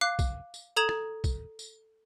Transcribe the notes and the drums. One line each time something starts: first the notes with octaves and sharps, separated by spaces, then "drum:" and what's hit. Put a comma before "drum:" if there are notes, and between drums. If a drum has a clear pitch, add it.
F5 D6 F#6 C7
drum: kick, tambourine
drum: tambourine
A4 A#5 D#6 G#6 E7 F7
drum: rim click
drum: kick, tambourine
drum: tambourine